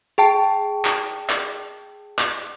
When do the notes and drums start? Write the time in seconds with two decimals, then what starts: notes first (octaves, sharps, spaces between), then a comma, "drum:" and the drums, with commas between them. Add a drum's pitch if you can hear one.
0.18 G#4 G5 A5
0.85 drum: clap
1.29 drum: clap
2.19 drum: clap